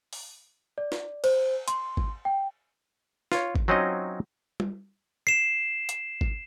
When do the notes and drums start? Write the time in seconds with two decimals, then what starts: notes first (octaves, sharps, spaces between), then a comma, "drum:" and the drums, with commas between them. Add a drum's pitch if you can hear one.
0.13 drum: open hi-hat
0.78 D5
0.92 drum: snare
1.24 C5, drum: cymbal
1.68 C6, drum: hi-hat
1.97 drum: kick G#1
2.25 G5
3.32 F4 C#5, drum: snare
3.56 drum: kick G#1
3.68 F#3 C4 C#4 D#4 F4 D#5
4.60 drum: tom
5.27 C7 E7
5.89 drum: hi-hat
6.21 drum: kick G#1